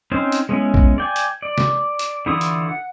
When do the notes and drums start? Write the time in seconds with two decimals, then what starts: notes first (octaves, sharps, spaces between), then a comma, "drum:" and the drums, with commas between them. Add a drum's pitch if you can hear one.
0.11 C4 C#4 D#4 C5
0.32 drum: hi-hat
0.49 G#3 B3 C#4 E4
0.74 drum: kick
0.98 D5 G5 G#5
1.16 drum: hi-hat
1.42 D5
1.58 drum: snare
1.99 drum: hi-hat
2.26 D3 E3 E4 F4 D#6
2.41 drum: hi-hat
2.69 F#5